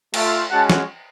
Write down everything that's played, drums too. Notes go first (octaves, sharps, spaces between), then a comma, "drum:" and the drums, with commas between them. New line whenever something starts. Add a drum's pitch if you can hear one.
A3 F4, drum: cymbal
G#3 C#4 F#4 F#5 A5
drum: snare